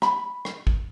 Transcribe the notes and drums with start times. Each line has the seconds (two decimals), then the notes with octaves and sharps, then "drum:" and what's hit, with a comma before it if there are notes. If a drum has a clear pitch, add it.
0.02 B5, drum: rim click
0.45 drum: rim click
0.67 drum: kick